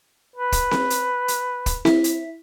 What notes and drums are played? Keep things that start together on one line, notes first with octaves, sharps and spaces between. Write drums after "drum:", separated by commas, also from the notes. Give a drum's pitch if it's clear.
B4
drum: kick, hi-hat
drum: snare C4
drum: hi-hat
drum: hi-hat
drum: kick, hi-hat
E4, drum: snare C4
drum: hi-hat